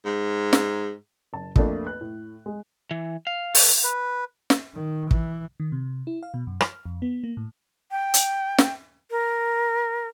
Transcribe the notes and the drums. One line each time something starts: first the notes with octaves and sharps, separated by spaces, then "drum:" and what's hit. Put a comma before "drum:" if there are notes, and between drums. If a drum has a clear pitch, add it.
G#2
drum: snare
F#1 A5
F2 A3 A#3 D4 F4, drum: kick
B4 F#6
A2
G#3
E3
F5
A4 B4, drum: open hi-hat
B4
drum: snare
D#3
E3, drum: kick
D#3
C3
E4
F5
B2
F#2
F6, drum: rim click
F2
B3
A#3
A2
G5
drum: hi-hat
drum: snare
A#4